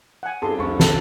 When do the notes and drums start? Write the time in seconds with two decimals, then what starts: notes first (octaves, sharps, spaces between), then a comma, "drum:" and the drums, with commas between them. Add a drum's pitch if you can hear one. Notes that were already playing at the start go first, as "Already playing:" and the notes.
0.23 F#5 G#5
0.42 G2 G#4 A4 C6, drum: cymbal
0.58 F1 C2 C#6
0.80 G1 A4, drum: snare